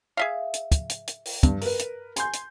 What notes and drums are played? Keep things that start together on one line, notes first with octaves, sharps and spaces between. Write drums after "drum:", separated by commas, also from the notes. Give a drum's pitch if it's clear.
G#4 E5 F5
drum: hi-hat
drum: kick, hi-hat
drum: hi-hat
drum: hi-hat
drum: open hi-hat
G2, drum: kick, hi-hat
A#4 B4, drum: open hi-hat
drum: hi-hat
G#5 C6 G6, drum: hi-hat
drum: hi-hat